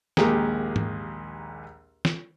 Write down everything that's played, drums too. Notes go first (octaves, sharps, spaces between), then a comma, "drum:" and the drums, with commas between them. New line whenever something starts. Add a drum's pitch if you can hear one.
A#1 D#2 G#3 G4 G#4 A#5, drum: snare
drum: tom G#2
drum: snare